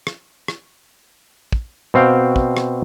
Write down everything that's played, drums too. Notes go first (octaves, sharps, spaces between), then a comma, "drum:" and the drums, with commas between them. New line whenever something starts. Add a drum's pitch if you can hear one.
drum: rim click
drum: rim click
drum: kick
B2 C4 F5 G5
drum: kick
drum: rim click